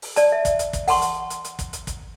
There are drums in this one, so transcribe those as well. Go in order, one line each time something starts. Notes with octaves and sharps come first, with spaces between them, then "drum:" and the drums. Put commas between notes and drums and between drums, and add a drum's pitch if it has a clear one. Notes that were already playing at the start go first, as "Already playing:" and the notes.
drum: open hi-hat
D5 A5, drum: hi-hat
E5
drum: kick, hi-hat
drum: hi-hat
drum: kick, hi-hat
F#5 A5 C6 C#6, drum: open hi-hat
drum: hi-hat
drum: hi-hat
drum: hi-hat
drum: kick, hi-hat
drum: hi-hat
drum: kick, hi-hat